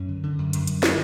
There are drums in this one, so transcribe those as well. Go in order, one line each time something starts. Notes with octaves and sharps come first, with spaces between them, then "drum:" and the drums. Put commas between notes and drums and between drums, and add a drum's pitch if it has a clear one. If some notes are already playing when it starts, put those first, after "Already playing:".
Already playing: F#2 C#4
D3
D3
F#2
F#2, drum: hi-hat
F#2, drum: hi-hat
D3, drum: snare